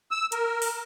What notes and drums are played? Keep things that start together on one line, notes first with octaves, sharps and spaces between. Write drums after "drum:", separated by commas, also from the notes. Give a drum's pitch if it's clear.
E6
A#4, drum: hi-hat
drum: open hi-hat